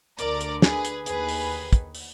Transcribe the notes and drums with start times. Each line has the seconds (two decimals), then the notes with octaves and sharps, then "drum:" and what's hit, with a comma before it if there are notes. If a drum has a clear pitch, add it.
0.19 D2 D3 A#4 D5, drum: hi-hat
0.41 drum: hi-hat
0.62 G#4 B4, drum: snare
0.85 drum: hi-hat
1.06 D#2 D#3 G#4 B4, drum: hi-hat
1.29 drum: open hi-hat
1.73 drum: kick, hi-hat
1.95 drum: open hi-hat